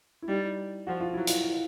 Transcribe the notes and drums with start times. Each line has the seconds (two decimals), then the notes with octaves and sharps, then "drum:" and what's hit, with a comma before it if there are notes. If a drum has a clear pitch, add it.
0.22 E4
0.28 G3 D#4
0.87 F3 F#4
1.00 F4
1.14 F#3 E4
1.27 F4, drum: hi-hat